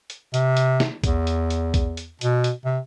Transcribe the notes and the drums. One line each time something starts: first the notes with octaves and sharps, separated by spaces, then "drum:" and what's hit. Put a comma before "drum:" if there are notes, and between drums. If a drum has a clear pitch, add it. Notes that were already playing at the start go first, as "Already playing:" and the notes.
drum: hi-hat
C3, drum: hi-hat
drum: hi-hat
drum: snare
E2, drum: kick A#1, hi-hat
drum: hi-hat
drum: hi-hat
drum: kick A#1, hi-hat
drum: hi-hat
B2, drum: hi-hat
drum: hi-hat
C3